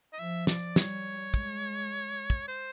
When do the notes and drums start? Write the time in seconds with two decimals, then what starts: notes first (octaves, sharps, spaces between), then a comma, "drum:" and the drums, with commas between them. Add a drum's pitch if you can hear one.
0.13 D#5
0.19 F3 E5
0.47 D5, drum: snare
0.76 G3 C#5, drum: snare
1.34 G#3, drum: kick
2.30 drum: kick
2.48 C5